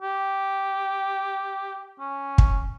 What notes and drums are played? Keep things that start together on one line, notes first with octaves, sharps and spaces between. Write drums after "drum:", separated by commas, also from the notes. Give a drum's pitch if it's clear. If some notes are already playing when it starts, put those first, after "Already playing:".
G4
C#4
drum: kick